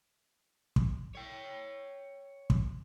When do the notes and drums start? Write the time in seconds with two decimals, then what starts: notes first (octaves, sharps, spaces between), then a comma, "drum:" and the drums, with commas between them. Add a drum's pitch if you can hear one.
0.76 drum: kick
1.15 C#5 G5
2.50 drum: kick